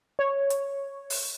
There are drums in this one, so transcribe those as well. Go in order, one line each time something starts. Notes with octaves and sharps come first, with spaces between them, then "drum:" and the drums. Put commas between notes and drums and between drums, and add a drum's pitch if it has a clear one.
C#5
drum: hi-hat
drum: open hi-hat